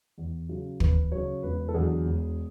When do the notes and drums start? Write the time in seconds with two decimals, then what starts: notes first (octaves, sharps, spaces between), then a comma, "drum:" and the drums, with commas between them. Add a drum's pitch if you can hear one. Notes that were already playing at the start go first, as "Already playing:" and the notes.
0.18 E2
0.49 C#3 F#3
0.80 E2 B4, drum: kick
1.12 C#3 F#3 C#5
1.43 E1 B4
1.69 A4
1.74 E2 D3 F#3 G#4
2.05 E1